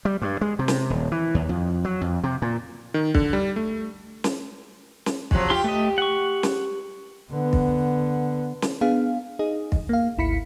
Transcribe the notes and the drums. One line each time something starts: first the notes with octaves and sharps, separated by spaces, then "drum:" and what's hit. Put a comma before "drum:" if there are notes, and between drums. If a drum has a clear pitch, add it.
G3
G2
G#3
C3
drum: snare
D#1
E3
D#2
F2
F#3
F2
C3
A#2
D#3
D3, drum: kick
G3
A3
drum: snare
drum: snare
C3 F3 F#3, drum: kick
F4 G4 C6
A3 D#5
F#5 C#6
drum: snare
D3 B3
drum: kick
drum: snare
B3 D4 G#4 F5
D#4 G#4 D#5
drum: kick
A#3 F5
G#1 D2 E4 B5 B6 C#7